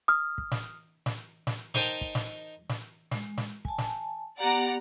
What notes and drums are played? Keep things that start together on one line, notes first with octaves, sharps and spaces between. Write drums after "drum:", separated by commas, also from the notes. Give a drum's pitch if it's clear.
D#6 F6
drum: kick
drum: snare
drum: snare
drum: snare
D#4 A#4 C5 D#5 G5 A5, drum: snare
drum: kick
drum: snare
drum: snare
G#3, drum: snare
drum: snare
G#5 A5, drum: kick
drum: snare
B3 G4 D5 F#5 A#5